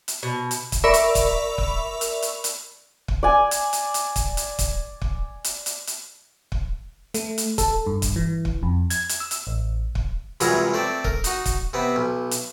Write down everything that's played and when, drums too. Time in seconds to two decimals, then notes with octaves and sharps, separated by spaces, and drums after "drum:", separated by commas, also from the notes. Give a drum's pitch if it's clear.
0.08 drum: hi-hat
0.23 B2
0.51 drum: hi-hat
0.72 drum: kick, hi-hat
0.84 A#4 D5 E5 B5 C#6 E6
0.94 drum: hi-hat
1.15 drum: kick, hi-hat
1.58 drum: kick
2.01 drum: hi-hat
2.22 drum: hi-hat
2.44 drum: hi-hat
3.08 drum: kick
3.23 D5 G#5
3.51 drum: hi-hat
3.73 drum: hi-hat
3.94 drum: hi-hat
4.16 drum: kick, hi-hat
4.37 drum: hi-hat
4.59 drum: kick, hi-hat
5.02 drum: kick
5.44 drum: hi-hat
5.66 drum: hi-hat
5.87 drum: hi-hat
6.52 drum: kick
7.14 A3, drum: hi-hat
7.38 drum: hi-hat
7.58 A4, drum: kick, hi-hat
7.87 G2
8.02 drum: kick, hi-hat
8.16 E3
8.45 drum: kick
8.63 F2
8.90 G#6, drum: hi-hat
9.09 drum: hi-hat
9.20 E6
9.31 drum: hi-hat
9.47 A1
9.95 drum: kick
10.40 C2 E3 F#3 G#3 F4 A#5, drum: hi-hat
10.74 A3 C4 D5
11.04 A#4, drum: kick
11.24 D#4 F#4, drum: hi-hat
11.46 drum: kick, hi-hat
11.73 C3 B3 C4
11.96 B1
12.31 drum: hi-hat